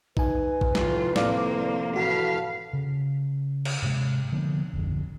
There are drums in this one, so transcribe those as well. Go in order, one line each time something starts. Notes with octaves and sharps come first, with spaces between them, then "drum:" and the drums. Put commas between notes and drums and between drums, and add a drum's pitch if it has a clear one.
D#4 B4 G#5, drum: kick A#1
drum: kick A#1
F1 D#2 A2 F4, drum: snare
A2 A#3 C4 D5 F5 D6, drum: snare
A1 F#4 B4 F5 A5
C#3
drum: cymbal
G#2 C3 G#3
D3 F3 A#3 B3
D1 A1 F2 D3